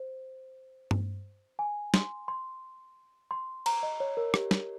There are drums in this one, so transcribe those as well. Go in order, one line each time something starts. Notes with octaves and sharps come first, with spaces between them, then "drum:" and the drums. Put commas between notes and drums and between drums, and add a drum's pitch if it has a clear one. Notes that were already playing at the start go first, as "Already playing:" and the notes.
Already playing: C5
drum: tom G2
G#5
C6, drum: snare
C6
C6
A#5, drum: cymbal
D#5
C#5
A#4
G4, drum: rim click
drum: snare